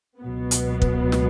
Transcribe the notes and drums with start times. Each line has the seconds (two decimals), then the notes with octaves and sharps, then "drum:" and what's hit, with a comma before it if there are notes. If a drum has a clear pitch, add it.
0.20 C#2 B2 F#3 B3
0.51 drum: hi-hat
0.82 drum: kick
1.12 drum: snare